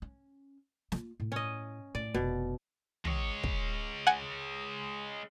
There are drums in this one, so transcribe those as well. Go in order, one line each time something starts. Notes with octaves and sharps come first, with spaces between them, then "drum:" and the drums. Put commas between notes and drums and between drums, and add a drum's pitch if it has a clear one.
C#4
A#3 F4, drum: snare
A2
C#4 D#5
A2 D5
F1 B2 B3
G#3 C#5, drum: tom
drum: kick
F#5 G#5